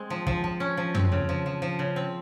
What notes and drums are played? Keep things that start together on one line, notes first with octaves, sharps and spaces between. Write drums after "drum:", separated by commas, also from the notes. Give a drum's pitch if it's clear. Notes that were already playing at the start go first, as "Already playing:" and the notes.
Already playing: G#3 C4
F3
F3, drum: kick
F3
C#4
F3
C4, drum: tom
C#3
F3
F3
F3
C#3
C4